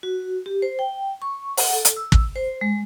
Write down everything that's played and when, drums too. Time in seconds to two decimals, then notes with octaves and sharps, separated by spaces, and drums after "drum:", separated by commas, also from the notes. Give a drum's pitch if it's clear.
0.03 F#4
0.46 G4
0.62 C5
0.79 G5
1.22 C#6
1.57 F#5, drum: open hi-hat
1.73 A4
1.85 drum: hi-hat
1.96 E6
2.12 drum: kick
2.36 C5
2.61 G#3